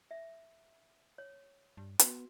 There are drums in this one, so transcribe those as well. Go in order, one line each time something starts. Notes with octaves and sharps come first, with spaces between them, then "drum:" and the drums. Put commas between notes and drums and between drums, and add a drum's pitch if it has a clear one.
E5
C#5
G2
B3 F#4, drum: hi-hat